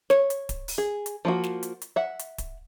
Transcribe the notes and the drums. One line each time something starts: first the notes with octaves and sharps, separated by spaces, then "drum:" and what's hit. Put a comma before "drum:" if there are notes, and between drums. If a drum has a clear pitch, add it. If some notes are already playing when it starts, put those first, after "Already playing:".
C#5, drum: snare
drum: hi-hat
drum: kick D1, hi-hat
drum: open hi-hat
G#4
drum: hi-hat
F3 A#3 F#4
drum: snare
drum: hi-hat
drum: hi-hat
E5 F#5
drum: hi-hat
drum: kick D1, hi-hat